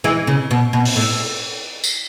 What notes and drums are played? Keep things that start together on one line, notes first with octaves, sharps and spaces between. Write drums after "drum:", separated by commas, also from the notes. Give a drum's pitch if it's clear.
E3 G#3
C#3
B2
B2
drum: open hi-hat
A2
drum: tambourine